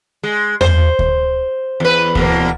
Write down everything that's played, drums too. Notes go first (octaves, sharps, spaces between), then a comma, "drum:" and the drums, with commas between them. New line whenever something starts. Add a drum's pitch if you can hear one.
G#3
C5, drum: tom E2
drum: kick D2
E2 B4
E2 B2 A#3, drum: kick D2